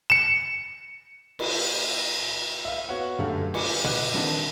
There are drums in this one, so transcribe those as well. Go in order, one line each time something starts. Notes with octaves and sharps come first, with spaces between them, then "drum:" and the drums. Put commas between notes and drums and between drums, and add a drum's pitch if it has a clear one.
C#7 E7
drum: cymbal
E5 F5
B3 F#4 C#5 F5 F#5
F#2 D3 A3 G4 F5
G#5 D6 C#7, drum: cymbal
B4 D#5 F#5 D6 F#6, drum: tom A#2
D#3 E3 C4 D4, drum: snare